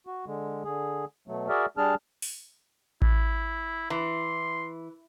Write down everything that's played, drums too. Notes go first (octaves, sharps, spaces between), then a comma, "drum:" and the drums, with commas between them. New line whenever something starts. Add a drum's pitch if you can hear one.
F#4
D3 G#3
D3 G#4
B2 F#3 A3
F#4 G#4 A#4 D5 E5
G3 D4 G#4 A5 F6
drum: open hi-hat
E4, drum: kick A1
E3 C6